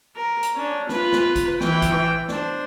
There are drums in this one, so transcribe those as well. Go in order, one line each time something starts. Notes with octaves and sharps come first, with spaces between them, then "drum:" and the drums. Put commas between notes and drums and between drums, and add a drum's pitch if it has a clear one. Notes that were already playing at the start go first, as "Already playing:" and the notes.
A#4
drum: hi-hat
C#4 D4
F4 B4, drum: snare
drum: snare
drum: kick A#1, hi-hat
E3 G5, drum: snare
drum: kick A#1, hi-hat
D4 C5, drum: snare